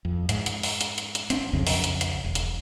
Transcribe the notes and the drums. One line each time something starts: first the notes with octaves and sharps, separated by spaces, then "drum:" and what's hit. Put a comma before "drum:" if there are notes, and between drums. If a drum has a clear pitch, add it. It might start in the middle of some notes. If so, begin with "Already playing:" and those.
F2
G#2, drum: hi-hat
drum: hi-hat
drum: open hi-hat
drum: hi-hat
drum: hi-hat
drum: hi-hat
C4 D4, drum: hi-hat
B1 F2 C#3
drum: open hi-hat
drum: hi-hat
drum: hi-hat
E1
drum: hi-hat